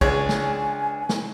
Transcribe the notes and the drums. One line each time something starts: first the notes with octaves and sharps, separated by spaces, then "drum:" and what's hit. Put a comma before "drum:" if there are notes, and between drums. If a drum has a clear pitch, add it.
C#2 D4 G#4 C#5 G#5, drum: kick B1
drum: snare
drum: snare